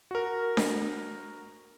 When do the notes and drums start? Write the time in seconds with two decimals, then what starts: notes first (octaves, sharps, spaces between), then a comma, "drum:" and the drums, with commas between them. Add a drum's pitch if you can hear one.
0.11 F#4 A#4
0.57 drum: snare D4